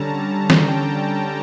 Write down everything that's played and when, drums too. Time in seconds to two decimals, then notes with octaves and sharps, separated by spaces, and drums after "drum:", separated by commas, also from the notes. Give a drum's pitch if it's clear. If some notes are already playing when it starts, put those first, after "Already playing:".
Already playing: D3 G3 C#4 A5 A#5
0.50 drum: snare
0.67 G5